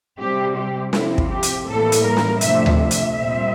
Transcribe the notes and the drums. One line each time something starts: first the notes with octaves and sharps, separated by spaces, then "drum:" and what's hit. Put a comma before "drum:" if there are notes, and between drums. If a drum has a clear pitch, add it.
C3 G3 C4 G4
G4
C3 F3 C4 E4, drum: snare
drum: kick
G4
drum: hi-hat
A2 E3 G3 A#3 A4
drum: hi-hat
A#4
drum: snare
F2 C3 F3 A3 D4 E5, drum: hi-hat
drum: tom D2
E5
drum: hi-hat
A#2 G3 C4